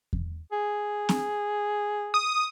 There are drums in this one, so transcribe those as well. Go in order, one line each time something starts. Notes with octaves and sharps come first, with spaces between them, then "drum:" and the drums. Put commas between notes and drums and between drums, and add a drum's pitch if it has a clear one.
drum: kick E2
G#4
drum: snare
D#6